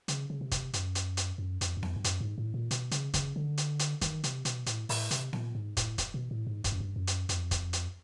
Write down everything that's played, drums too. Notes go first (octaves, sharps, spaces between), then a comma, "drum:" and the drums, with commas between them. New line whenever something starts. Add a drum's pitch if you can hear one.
C#3, drum: hi-hat
C#3
C3
drum: kick, hi-hat
F#2, drum: hi-hat
drum: hi-hat
drum: hi-hat
F#2
F2, drum: hi-hat
F#2
F2, drum: snare B3
G2
F#2, drum: hi-hat
G#2
A2
A#2
B2, drum: hi-hat
C#3, drum: hi-hat
C#3, drum: kick, hi-hat
D3
drum: hi-hat
drum: hi-hat
D#3, drum: kick, hi-hat
C3, drum: hi-hat
B2, drum: hi-hat
A2, drum: hi-hat
A2, drum: open hi-hat
C3, drum: hi-hat
A#2, drum: snare B3
G#2
A2, drum: kick, hi-hat
drum: kick, hi-hat
B2
A2
G#2
G2, drum: kick, hi-hat
F#2
G2
F#2
drum: hi-hat
F2, drum: hi-hat
drum: kick, hi-hat
drum: hi-hat